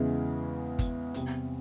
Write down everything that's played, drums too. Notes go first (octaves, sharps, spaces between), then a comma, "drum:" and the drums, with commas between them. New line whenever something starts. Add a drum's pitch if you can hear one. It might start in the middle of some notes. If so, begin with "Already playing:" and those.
Already playing: E2 C#3 E3 G#3 E4
drum: kick G1, hi-hat
E2 C3 G3, drum: hi-hat